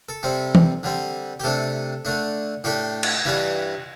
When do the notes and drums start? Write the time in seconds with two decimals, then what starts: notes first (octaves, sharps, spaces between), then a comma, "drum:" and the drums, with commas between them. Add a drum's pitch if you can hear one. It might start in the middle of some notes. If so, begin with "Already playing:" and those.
0.09 A4
0.23 C3 G3 C4
0.55 drum: tom E3
0.83 D3 G3 C4
1.40 G4
1.44 C3 A3 D4 A4
2.05 D3 A3 D4
2.64 A2 A3 D4 G4
3.03 drum: cymbal
3.25 G2 E3 G3 D4